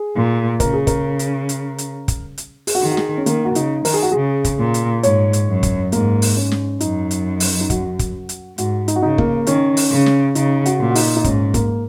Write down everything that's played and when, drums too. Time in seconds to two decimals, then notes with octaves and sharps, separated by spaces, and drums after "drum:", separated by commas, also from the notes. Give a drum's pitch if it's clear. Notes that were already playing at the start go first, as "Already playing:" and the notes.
Already playing: G#4
0.16 A#2
0.60 C#3 A#4, drum: kick, hi-hat
0.73 G#4
0.87 A#4, drum: kick, hi-hat
1.19 drum: hi-hat
1.49 drum: hi-hat
1.78 drum: hi-hat
2.08 drum: kick, hi-hat
2.38 drum: hi-hat
2.67 G#4, drum: open hi-hat
2.75 F#4
2.82 D#3 G#4
2.92 F#4
2.97 G#4, drum: snare
3.18 C#4
3.26 D#3 A#3, drum: hi-hat
3.45 F#4
3.55 C#3 D#4, drum: hi-hat
3.85 D#3 A#4, drum: open hi-hat
3.94 G#4
4.03 F#4
4.12 C#3 G#4
4.45 drum: kick, hi-hat
4.59 A#2
4.74 drum: hi-hat
5.03 G#2 C#5, drum: hi-hat
5.33 drum: hi-hat
5.49 F#2
5.63 drum: kick, hi-hat
5.92 G#2 A#3, drum: hi-hat
6.22 drum: open hi-hat
6.37 C#4
6.51 drum: snare
6.80 F#2 D#4, drum: hi-hat
7.11 drum: hi-hat
7.40 drum: open hi-hat
7.61 D#4
7.70 F#4, drum: kick, hi-hat
7.99 drum: kick, hi-hat
8.29 drum: hi-hat
8.58 G#2 F#4, drum: hi-hat
8.88 D#4, drum: hi-hat
8.96 F#4
9.02 C#3 D#4
9.18 A#3, drum: kick
9.47 D#3 C#4, drum: hi-hat
9.77 drum: open hi-hat
9.91 C#3
10.06 drum: snare
10.35 C#3 D#4, drum: hi-hat
10.66 F#4, drum: hi-hat
10.80 A#2
10.90 F#4
10.95 D#4, drum: open hi-hat
11.16 D#4
11.24 G#2 C#4, drum: kick, hi-hat
11.54 A#3, drum: kick, hi-hat